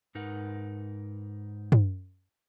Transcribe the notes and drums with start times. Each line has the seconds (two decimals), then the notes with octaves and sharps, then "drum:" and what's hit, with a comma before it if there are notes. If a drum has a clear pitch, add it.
0.15 G#2 D#4 A#4 B4 F#5
1.72 drum: tom